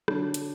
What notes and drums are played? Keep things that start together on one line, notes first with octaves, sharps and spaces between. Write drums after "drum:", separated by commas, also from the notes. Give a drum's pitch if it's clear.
D3 F#3 D4, drum: rim click
drum: hi-hat